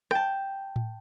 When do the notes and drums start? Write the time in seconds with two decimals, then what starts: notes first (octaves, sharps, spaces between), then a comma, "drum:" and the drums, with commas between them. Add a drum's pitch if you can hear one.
0.11 G5 A5, drum: rim click
0.76 drum: tom A2